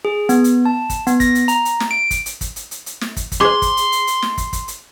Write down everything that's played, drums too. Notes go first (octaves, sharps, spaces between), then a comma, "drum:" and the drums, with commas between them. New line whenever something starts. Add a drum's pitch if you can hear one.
G#4
B3, drum: hi-hat
drum: hi-hat
A5
drum: kick, hi-hat
B3, drum: hi-hat
A#6, drum: kick, hi-hat
drum: hi-hat
A#5, drum: hi-hat
drum: hi-hat
drum: snare
D7
drum: kick, hi-hat
drum: hi-hat
drum: kick, hi-hat
drum: hi-hat
drum: hi-hat
drum: hi-hat
drum: snare
drum: kick, hi-hat
drum: kick, hi-hat
G#4 C5 C6 D6
drum: kick, hi-hat
drum: hi-hat
drum: hi-hat
drum: hi-hat
drum: snare
drum: kick, hi-hat
drum: kick, hi-hat
drum: hi-hat